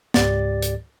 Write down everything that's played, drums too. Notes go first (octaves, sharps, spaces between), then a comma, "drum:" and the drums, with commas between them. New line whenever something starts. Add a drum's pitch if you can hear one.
C#2 G#2 G4 D5 A6, drum: snare
drum: hi-hat